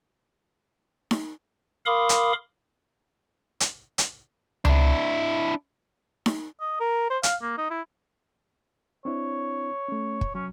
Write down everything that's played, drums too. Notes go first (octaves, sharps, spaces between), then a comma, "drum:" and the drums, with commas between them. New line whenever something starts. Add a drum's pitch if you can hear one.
drum: snare D#4
A#4 F5 B5 C6 D6 D#6
drum: hi-hat
drum: hi-hat
drum: hi-hat
D4 E4, drum: tom C#2
drum: snare D#4
D#5
A#4
C5
F5, drum: hi-hat
A#3
D#4
E4
C4 D4 E4 C#5
A3 C#4
drum: kick
F#3 C#4